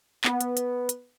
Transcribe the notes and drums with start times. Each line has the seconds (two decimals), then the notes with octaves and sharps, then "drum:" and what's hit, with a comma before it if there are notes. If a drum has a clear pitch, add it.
0.24 B3, drum: clap
0.41 drum: hi-hat
0.57 drum: hi-hat
0.89 drum: hi-hat